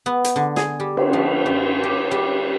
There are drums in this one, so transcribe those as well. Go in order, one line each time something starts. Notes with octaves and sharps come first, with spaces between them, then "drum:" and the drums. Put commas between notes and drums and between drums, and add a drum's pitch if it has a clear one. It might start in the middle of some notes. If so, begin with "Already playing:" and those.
B3
drum: hi-hat
D3
G#4, drum: snare
G3
drum: cymbal
F3
F#2
G4
G3